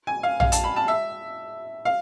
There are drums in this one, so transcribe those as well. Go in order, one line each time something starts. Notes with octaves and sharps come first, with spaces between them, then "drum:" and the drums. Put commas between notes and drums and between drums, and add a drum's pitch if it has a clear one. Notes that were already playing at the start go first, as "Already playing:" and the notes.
G#5
F5
F5, drum: tom A#1
A5, drum: hi-hat
B5
A5
E5
F5